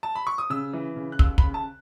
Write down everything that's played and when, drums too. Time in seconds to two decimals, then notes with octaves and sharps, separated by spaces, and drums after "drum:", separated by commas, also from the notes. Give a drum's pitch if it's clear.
0.03 A5
0.15 B5
0.27 C#6
0.38 D#6
0.50 C#3 E6
0.73 E3
0.96 C#3
1.12 F#6
1.19 D#2 E6, drum: kick
1.38 B5, drum: kick
1.43 C#3
1.54 A5